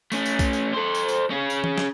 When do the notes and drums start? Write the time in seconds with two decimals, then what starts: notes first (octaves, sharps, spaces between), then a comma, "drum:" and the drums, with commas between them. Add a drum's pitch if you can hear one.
0.12 A3 C#4, drum: tambourine
0.26 drum: tambourine
0.39 drum: kick B1, tambourine
0.53 drum: tambourine
0.73 A4 C5
0.95 drum: tambourine
1.08 drum: tambourine
1.30 C#4 G#4
1.50 drum: tambourine
1.64 drum: tom E3
1.78 drum: snare